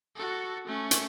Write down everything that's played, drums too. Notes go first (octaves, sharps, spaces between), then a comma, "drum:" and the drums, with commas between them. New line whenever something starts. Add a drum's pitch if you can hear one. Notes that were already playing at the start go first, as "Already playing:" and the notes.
F#4 A4
A3 C#4
drum: hi-hat